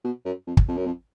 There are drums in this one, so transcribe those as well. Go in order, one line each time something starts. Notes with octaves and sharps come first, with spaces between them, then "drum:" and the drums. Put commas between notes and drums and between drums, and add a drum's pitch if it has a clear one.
B2
F#2
F2
drum: kick
F2
F#2
F2